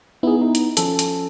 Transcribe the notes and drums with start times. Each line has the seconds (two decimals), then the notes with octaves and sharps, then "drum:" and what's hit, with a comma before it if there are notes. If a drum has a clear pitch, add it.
0.23 B3 D#4 E4 G#4
0.41 D#4
0.55 drum: hi-hat
0.77 F3 C#4 A4, drum: hi-hat
0.99 drum: hi-hat